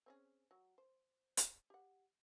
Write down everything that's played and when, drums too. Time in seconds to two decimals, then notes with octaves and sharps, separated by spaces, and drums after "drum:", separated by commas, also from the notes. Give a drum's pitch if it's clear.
0.06 C4 C#4 G#4
0.51 F#3
0.78 C5
1.37 drum: hi-hat
1.70 G4 F#5